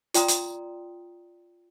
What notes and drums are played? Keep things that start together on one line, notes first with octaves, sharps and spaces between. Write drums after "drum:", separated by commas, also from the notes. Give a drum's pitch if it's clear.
F4 D5 G5 A#5 C6 D#6, drum: hi-hat
drum: hi-hat